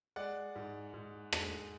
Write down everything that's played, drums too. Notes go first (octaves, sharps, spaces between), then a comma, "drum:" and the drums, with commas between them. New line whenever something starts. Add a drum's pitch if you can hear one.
G#3 D5 F#5
G#2
G#2
G#3, drum: rim click